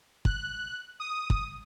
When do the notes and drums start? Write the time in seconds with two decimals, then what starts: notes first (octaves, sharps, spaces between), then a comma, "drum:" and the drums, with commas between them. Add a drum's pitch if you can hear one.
0.25 F#6, drum: kick
1.00 D#6
1.30 drum: kick